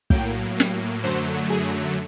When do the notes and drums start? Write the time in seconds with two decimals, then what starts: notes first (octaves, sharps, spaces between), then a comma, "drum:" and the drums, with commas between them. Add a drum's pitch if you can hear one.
0.10 A2 F#3 A#3 G5, drum: kick
0.60 drum: snare
1.03 F#2 D3 F#3 A3 C5
1.50 G#4